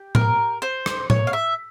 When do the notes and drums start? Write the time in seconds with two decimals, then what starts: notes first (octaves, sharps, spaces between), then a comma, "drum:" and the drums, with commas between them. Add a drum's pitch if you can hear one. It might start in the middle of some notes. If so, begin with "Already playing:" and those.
Already playing: G4
0.15 A#4, drum: tom A2
0.62 C5
0.86 drum: rim click
1.10 C#5, drum: tom A2
1.27 F5
1.33 E5